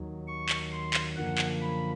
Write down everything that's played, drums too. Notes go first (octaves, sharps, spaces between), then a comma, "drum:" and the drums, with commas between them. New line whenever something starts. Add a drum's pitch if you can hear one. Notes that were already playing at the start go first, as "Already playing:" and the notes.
Already playing: D#2 D#3 F#3
C#6
drum: clap
C6
drum: clap
F#2 D3 F3 A#3 F#5
drum: clap
B5